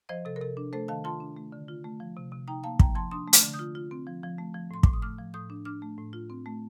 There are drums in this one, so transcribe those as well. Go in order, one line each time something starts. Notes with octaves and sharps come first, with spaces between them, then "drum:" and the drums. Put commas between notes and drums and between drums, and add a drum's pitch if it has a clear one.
F3 C5 D#5
C3 A4
A#4
C3 A4
D4
A3 A4 C5
D#3 F5 A5
F4 A5 C6
D4
A3
D3
F4
A3
F3
C3
C3
D#4 G5 A#5
A#3 F5 A5
F3 G5 A#5, drum: kick
F3 A5 C6
D4 C6 D#6
A3
D6 F6, drum: hi-hat
D3
D#6 G6
F4
F4
C4
F3
F3
A3
F3
A2 C6
A2 D6, drum: kick
D#6
A3 D6 F6
F3
A2 D#6 G6
D4
D4 D6 F6
A3
A2
F4
C4
A3